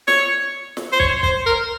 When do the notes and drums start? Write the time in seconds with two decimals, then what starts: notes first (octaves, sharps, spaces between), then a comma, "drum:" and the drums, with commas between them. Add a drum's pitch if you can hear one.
0.08 C#5, drum: snare
0.77 drum: snare
0.92 C5
1.00 C#5, drum: kick
1.23 C5, drum: kick
1.46 A#4